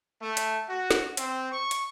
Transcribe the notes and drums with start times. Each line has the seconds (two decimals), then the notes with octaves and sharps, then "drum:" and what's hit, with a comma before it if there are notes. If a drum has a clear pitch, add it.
0.22 A3
0.37 drum: hi-hat
0.69 F#4
0.91 drum: snare
1.17 C4, drum: hi-hat
1.51 C#6
1.71 drum: hi-hat